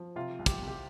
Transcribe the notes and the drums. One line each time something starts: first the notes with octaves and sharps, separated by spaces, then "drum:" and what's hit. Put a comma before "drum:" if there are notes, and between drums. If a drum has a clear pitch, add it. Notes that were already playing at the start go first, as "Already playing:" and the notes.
Already playing: F3
C3 F4
C2
G4, drum: kick, hi-hat
C2
G4